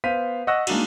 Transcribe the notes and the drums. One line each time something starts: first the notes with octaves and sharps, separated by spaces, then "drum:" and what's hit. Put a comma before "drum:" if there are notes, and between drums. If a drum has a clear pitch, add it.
B3 C5 F5 B6 D#7
D#5 F#5 C#6 E6 F#6 A#6
G#3 A#3 D4 D#4 F#4, drum: cymbal